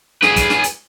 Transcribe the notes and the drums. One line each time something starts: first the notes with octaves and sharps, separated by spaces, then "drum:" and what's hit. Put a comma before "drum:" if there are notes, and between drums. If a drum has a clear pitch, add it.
G#4 B4, drum: snare
drum: kick, hi-hat
drum: snare
drum: hi-hat